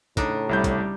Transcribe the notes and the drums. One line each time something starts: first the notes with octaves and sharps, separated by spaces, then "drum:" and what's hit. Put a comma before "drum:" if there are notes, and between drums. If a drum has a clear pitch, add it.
A2 C#3 D4 D#4, drum: kick, hi-hat
C2 G3 E4 G6
drum: kick, hi-hat